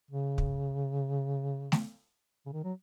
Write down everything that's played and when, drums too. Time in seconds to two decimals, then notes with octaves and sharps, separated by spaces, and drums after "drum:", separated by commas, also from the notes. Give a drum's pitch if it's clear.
0.11 C#3
0.38 drum: kick
1.72 drum: snare A3
2.46 C#3
2.53 D#3
2.64 F#3